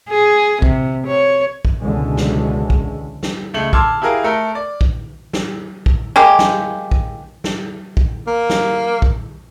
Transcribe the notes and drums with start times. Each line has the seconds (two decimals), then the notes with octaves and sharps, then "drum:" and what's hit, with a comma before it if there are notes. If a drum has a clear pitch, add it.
0.10 G#4
0.62 C3, drum: kick
1.07 C#5
1.65 drum: kick
1.78 C#2 B2 D3 E3 G#3 C#4
2.17 drum: snare
2.70 drum: kick
3.23 drum: snare
3.54 C#2 C#3 A3 F#7
3.73 A5 C6 D6 E6 F6 G#6, drum: kick
4.02 E4 G4 G#4 A#4 F5
4.24 A3 A4 A#4
4.55 D5
4.81 drum: kick
5.33 drum: snare
5.86 drum: kick
6.16 G#3 A#3 G4
6.39 drum: snare
6.91 drum: kick
7.44 drum: snare
7.97 drum: kick
8.27 A#3
8.50 drum: snare
9.02 drum: kick